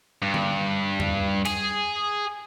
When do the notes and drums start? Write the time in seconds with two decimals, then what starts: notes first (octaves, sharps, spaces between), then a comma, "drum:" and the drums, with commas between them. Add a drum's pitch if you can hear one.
0.22 G2
0.34 drum: tom D3
1.00 drum: tom E2
1.45 G#4, drum: cymbal